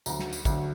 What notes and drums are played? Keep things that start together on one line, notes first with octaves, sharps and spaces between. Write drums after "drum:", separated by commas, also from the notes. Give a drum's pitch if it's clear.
D2 D3 F#3 A#5, drum: tambourine
drum: snare
drum: tambourine
D2 D3 F#3, drum: kick, tambourine